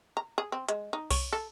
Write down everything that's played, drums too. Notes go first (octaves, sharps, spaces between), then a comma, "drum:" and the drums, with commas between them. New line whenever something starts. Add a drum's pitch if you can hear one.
A#5
G#4
C4
G#3, drum: hi-hat
D#4
C#5, drum: kick C2, open hi-hat
A4